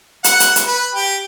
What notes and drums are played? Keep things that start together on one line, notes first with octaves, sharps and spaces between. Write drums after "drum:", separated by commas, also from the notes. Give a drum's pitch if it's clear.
F#5, drum: hi-hat
drum: hi-hat
drum: hi-hat
B4
G4